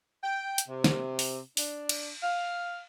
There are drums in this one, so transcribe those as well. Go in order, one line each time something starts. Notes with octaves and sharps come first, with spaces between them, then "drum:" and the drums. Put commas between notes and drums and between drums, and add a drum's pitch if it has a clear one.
G5
drum: hi-hat
C3
drum: snare
drum: open hi-hat
D4, drum: open hi-hat
drum: cymbal
F5